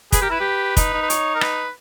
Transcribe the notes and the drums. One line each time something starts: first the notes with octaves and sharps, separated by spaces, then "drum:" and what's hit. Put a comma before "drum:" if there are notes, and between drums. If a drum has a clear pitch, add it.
G#4 B4, drum: kick, hi-hat
G4 A#4
E4 B4
G4
D#4, drum: kick, hi-hat
D#4
B4
C#5, drum: hi-hat
A#4
B4, drum: rim click